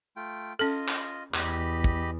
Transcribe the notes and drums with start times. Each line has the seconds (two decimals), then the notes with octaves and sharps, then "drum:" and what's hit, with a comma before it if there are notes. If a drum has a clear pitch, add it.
0.16 A3 F4 G5
0.59 C#4 F4 A4 D#5
0.88 drum: clap
1.34 E2 G4 D#5 B5, drum: clap
1.84 drum: kick